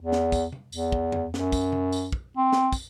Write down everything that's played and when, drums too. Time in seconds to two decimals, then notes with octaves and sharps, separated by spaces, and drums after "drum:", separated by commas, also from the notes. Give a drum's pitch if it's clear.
0.01 E2
0.12 drum: snare
0.32 drum: kick, tambourine
0.52 drum: tom C3
0.72 E2, drum: tambourine
0.92 drum: kick
1.12 drum: tom
1.34 F#2, drum: snare
1.52 drum: kick, tambourine
1.72 drum: tom C3
1.92 drum: tambourine
2.12 drum: kick
2.37 C4
2.52 drum: snare
2.73 drum: kick, tambourine